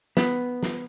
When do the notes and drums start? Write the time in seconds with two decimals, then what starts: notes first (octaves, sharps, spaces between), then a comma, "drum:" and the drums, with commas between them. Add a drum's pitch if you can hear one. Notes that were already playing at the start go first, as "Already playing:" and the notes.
0.17 B3, drum: snare
0.63 drum: snare